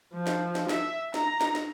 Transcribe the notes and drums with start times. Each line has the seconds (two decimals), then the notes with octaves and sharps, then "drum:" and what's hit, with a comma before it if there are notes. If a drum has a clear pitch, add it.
0.12 F3
0.27 drum: snare
0.55 drum: snare
0.69 E5, drum: snare
1.14 A#5, drum: snare
1.41 drum: snare
1.55 drum: snare